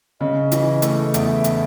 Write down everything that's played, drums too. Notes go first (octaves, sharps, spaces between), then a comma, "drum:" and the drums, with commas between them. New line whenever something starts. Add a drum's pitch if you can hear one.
C#3 D#5
E3, drum: hi-hat
A3, drum: hi-hat
E2 E5, drum: hi-hat
drum: hi-hat